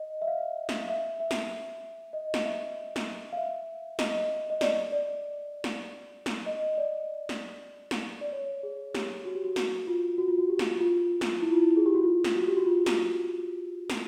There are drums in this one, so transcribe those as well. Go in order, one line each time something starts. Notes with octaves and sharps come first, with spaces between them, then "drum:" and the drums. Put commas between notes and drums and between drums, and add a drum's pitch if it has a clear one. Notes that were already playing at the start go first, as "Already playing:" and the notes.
Already playing: D#5
E5
F5
drum: snare
F5
E5
E5
drum: snare
D#5
drum: snare
E5
drum: snare
F5
E5
D#5, drum: snare
D#5
D5, drum: snare
D5
drum: snare
drum: snare
D#5
D5
drum: snare
drum: snare
D5
C#5
G#4
G4, drum: snare
F#4
G4
F#4
F#4, drum: snare
F4
F#4
F4
F#4
G4
drum: snare
F4
drum: snare
E4
F4
E4
G#4
G4
F#4
F4
drum: snare
F#4
G4
F#4
F4
drum: snare
drum: snare